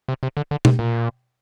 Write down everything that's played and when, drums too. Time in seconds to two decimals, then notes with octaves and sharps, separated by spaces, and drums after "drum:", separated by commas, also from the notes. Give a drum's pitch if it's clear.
0.08 C3
0.23 C3
0.37 D3
0.51 D3
0.65 C3, drum: tom B2
0.79 A#2